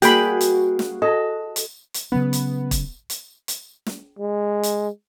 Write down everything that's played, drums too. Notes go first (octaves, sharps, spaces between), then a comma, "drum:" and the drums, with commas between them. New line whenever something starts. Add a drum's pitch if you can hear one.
G3 A#3 F#4 G#4 A#4 G5 B5, drum: hi-hat
drum: hi-hat
drum: snare
A4 D#5
drum: hi-hat
drum: hi-hat
C#3 F#3 B3 C#4
drum: hi-hat
drum: kick, hi-hat
drum: hi-hat
drum: hi-hat
drum: snare
G#3
drum: hi-hat